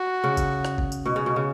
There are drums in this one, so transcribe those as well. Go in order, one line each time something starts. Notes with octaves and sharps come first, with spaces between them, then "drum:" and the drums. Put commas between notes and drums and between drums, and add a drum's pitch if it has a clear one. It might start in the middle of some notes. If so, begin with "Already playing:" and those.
Already playing: F#4
C#3
drum: kick, tambourine
drum: rim click
drum: kick
drum: tambourine
B2
C#3
B2
C#3